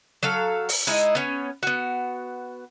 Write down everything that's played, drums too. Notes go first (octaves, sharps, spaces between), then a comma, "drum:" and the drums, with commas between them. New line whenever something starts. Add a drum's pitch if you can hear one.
F#3 A4 F5
drum: open hi-hat
G#3 D#4 E4
B3 C#4
B3 F#4